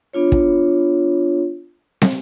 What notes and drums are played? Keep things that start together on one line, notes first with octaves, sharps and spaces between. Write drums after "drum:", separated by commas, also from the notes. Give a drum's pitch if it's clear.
B3 D4 F4 C#5
drum: kick
drum: snare